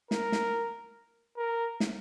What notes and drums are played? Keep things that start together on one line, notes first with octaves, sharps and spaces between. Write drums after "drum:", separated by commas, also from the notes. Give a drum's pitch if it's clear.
A#4, drum: snare
drum: snare
A#4
drum: snare